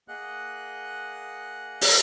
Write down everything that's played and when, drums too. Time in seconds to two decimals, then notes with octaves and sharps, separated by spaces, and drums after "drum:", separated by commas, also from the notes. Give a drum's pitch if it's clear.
0.08 A#3 G#4 D#5 F#5 F#6
1.81 drum: open hi-hat